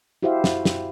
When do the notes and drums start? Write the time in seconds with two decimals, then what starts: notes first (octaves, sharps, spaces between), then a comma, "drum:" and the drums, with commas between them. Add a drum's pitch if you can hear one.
0.23 E4 F#4 G4 C5 E5 F5
0.44 drum: snare
0.65 drum: snare